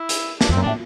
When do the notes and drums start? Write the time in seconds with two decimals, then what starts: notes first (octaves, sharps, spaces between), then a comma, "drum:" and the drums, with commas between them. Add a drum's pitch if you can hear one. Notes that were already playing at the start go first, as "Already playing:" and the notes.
Already playing: E4
0.09 drum: hi-hat
0.41 D4, drum: snare
0.49 E2 C4
0.57 F#2
0.63 A2 D4